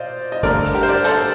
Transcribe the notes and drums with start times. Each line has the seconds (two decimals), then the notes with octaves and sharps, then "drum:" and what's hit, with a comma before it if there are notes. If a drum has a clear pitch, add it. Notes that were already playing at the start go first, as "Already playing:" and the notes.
Already playing: A#2 C5 D5 D#5 F5
0.32 D#5
0.43 G2 D3 A3 A#4 D5, drum: kick
0.64 drum: open hi-hat
0.74 G4 A#4
0.83 C5
0.89 A#4 D5
1.04 A4 C5, drum: hi-hat